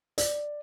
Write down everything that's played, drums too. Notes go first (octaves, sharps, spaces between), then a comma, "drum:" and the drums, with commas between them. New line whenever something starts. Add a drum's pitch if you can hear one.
D5, drum: hi-hat